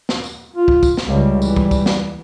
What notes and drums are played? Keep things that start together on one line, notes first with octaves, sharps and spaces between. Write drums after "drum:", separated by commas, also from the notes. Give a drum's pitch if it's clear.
drum: snare
drum: tambourine
F4
drum: kick
drum: kick, tambourine
drum: snare
C#2 C#3 G3
E3, drum: tambourine
drum: kick
drum: kick, tambourine
drum: snare